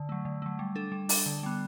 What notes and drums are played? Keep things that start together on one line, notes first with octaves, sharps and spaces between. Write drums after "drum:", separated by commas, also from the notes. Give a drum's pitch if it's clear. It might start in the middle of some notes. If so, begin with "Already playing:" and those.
Already playing: D3
F#3 A3
D3
F#3 A3
G3
D4 A4
G3
D4 A4, drum: open hi-hat
D3
G3 B3